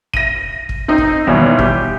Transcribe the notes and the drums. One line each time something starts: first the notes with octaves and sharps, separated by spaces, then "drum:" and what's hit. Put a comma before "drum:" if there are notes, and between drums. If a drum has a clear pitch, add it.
A#6 D#7, drum: kick
drum: kick
C4 D#4
drum: kick
D#2 B2 E3 G3
G4, drum: kick